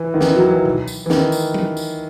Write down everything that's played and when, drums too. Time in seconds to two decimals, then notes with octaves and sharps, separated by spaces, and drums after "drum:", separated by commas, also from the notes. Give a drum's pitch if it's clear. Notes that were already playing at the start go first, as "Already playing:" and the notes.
Already playing: E3
0.14 D#3
0.21 E3, drum: snare
0.35 F#3
0.51 E3
0.65 drum: tom B2
0.88 drum: tambourine
1.06 E3
1.10 D#3, drum: snare
1.32 drum: tambourine
1.54 drum: tom F3
1.77 drum: tambourine